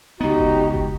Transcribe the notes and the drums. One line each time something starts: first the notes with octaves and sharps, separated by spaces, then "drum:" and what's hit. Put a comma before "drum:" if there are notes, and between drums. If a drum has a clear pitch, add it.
C#2 B3 D#4 F#4 G4
drum: kick F#1
drum: kick F#1